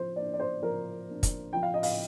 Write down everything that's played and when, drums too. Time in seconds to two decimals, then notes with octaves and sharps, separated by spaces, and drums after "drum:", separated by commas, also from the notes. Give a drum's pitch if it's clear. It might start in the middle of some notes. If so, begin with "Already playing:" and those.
Already playing: F3 C5
0.16 A#3 D4 D5
0.34 D5
0.40 C5
0.62 F3 A#4
1.08 A#3 D4
1.23 drum: kick, hi-hat
1.53 F3 G5
1.63 F5
1.74 D#5
1.83 F5, drum: open hi-hat